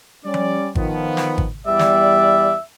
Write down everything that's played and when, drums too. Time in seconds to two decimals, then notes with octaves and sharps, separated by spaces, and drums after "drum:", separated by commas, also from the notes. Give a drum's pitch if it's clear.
0.24 G3 C#4 D5
0.34 drum: tom F3
0.75 D#3 F3 B3, drum: kick G#1
1.17 drum: snare
1.38 drum: kick G#1
1.67 E2 G3 D5 E5
1.79 drum: snare